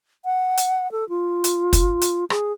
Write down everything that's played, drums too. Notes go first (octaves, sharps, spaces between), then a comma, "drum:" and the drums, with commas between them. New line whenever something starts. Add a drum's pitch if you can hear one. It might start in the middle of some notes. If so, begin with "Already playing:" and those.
F#5
drum: hi-hat
A4
F4
drum: hi-hat
drum: kick, hi-hat
drum: hi-hat
G#4, drum: rim click